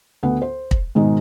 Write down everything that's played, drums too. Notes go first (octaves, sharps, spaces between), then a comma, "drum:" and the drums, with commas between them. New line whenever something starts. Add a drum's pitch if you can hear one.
D2 B3 B4 F#5
C5
drum: kick
G#2 B2 D#3 G#3 D#4